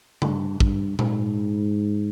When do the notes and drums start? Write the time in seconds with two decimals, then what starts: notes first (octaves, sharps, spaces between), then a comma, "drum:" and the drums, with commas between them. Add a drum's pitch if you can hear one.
0.22 G2, drum: tom C#3
0.60 G2, drum: kick
0.99 G#2, drum: tom A#2